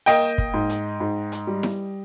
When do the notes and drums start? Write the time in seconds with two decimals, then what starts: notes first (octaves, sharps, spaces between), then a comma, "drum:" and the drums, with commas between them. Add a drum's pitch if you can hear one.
0.06 A#3 D#5 G5, drum: open hi-hat
0.38 drum: kick
0.54 G#2
0.69 drum: hi-hat
1.00 G#2
1.32 drum: hi-hat
1.47 G3
1.63 drum: snare E4